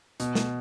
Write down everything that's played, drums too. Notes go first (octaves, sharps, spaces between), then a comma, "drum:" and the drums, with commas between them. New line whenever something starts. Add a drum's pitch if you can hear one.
B2, drum: hi-hat
drum: snare